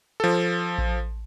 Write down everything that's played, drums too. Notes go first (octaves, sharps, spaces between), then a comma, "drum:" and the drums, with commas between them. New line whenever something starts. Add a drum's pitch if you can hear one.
F3 A4
drum: kick A1